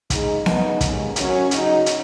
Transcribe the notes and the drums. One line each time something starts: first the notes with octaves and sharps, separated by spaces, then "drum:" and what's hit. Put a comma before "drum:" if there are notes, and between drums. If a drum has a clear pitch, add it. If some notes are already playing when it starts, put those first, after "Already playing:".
C#3 G#3 D#4, drum: kick, hi-hat
C#3 B3 D#4, drum: snare B3
D#2 C#3 G#3, drum: kick, hi-hat
F#2 F#3 C#4, drum: hi-hat
C#3 F#3 D#4, drum: hi-hat
drum: hi-hat